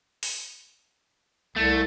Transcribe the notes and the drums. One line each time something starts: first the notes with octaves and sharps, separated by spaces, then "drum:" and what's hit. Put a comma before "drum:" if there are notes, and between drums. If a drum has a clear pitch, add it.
drum: open hi-hat
C2 A3